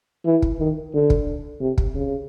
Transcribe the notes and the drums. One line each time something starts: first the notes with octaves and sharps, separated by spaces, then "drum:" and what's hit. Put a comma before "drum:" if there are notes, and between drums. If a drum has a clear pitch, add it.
E3
drum: kick
D#3
D3
drum: kick
C3
drum: kick
C#3